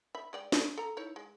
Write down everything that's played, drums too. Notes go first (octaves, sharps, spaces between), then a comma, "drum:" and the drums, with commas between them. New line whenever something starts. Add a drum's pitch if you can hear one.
E5 B5
G#3 D5 G5
A3, drum: snare
A4 A#5
D#4 E4 C#5
G#3